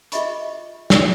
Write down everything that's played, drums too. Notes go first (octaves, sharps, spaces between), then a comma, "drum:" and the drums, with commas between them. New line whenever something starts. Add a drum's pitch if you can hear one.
F4 G#4 D#5 E5 B5 C#6, drum: hi-hat
drum: snare